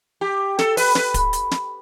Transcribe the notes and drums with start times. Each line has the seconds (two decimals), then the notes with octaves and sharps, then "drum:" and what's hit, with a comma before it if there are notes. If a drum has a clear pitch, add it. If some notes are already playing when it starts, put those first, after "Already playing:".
0.21 G4
0.59 A4, drum: snare
0.77 B4, drum: open hi-hat
0.95 B4, drum: snare
1.14 drum: kick, hi-hat
1.33 drum: hi-hat
1.51 drum: snare